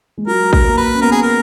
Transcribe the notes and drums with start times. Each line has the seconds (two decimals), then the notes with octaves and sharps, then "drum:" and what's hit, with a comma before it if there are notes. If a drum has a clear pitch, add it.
0.18 G#3
0.27 F#3 A#4
0.53 A#4, drum: kick
0.64 A#3
0.77 B4
0.94 C#4
1.02 B3 A#4
1.12 G#4
1.22 A#4